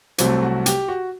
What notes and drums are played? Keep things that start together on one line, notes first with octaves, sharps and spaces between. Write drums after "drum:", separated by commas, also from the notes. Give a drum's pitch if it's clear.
C2 C3 F#3 A3 C4, drum: hi-hat
F#4
G4, drum: hi-hat
F#4